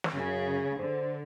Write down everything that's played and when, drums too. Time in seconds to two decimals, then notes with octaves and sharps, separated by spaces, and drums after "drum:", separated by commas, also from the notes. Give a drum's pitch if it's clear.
0.04 drum: snare
0.14 F#2 C#3 G#4
0.79 D3 C5